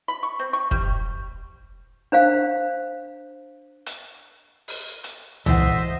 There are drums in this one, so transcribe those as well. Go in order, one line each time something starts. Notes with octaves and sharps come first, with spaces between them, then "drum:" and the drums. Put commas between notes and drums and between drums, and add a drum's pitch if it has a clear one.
B5
C#6
C4
C#6
G3, drum: kick
D4 C5 F5
drum: hi-hat
drum: open hi-hat
drum: hi-hat
E3 A4 C5 D#5 E5 F#5, drum: tom C2